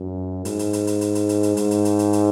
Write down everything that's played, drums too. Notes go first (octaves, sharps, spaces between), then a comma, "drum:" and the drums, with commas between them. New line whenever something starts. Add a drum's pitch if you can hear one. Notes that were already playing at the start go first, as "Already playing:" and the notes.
Already playing: F#2
G#2, drum: hi-hat
drum: hi-hat
drum: hi-hat
drum: hi-hat
drum: hi-hat
drum: hi-hat
drum: hi-hat
drum: hi-hat
G#2, drum: hi-hat
drum: hi-hat
drum: hi-hat
drum: hi-hat
drum: hi-hat